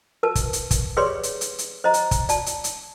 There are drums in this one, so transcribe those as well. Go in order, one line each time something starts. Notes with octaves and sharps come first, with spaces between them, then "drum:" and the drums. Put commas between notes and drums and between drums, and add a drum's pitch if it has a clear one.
A#4 B4 A5
drum: kick, hi-hat
drum: hi-hat
drum: kick, hi-hat
G4 G#4 B4 C#5 D5 C6
drum: hi-hat
drum: hi-hat
drum: hi-hat
C5 D#5 A#5
drum: hi-hat
drum: kick, hi-hat
D5 A5, drum: hi-hat
drum: hi-hat
drum: hi-hat